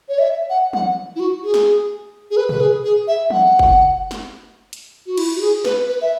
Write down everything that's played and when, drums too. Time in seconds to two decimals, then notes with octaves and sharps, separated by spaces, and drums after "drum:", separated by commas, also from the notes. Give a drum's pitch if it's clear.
0.09 C#5
0.19 E5
0.50 F#5
0.73 F#5, drum: tom
1.16 E4
1.20 F#4
1.44 G#4
1.54 drum: snare
2.31 G#4
2.37 B4
2.49 B4, drum: tom
2.60 G#4
2.84 G#4
3.08 E5
3.30 F#5, drum: tom
3.59 drum: kick
4.11 drum: snare
4.73 drum: hi-hat
5.07 F#4
5.17 E4, drum: cymbal
5.36 F#4
5.41 G#4
5.65 B4, drum: snare
5.88 B4
6.01 E5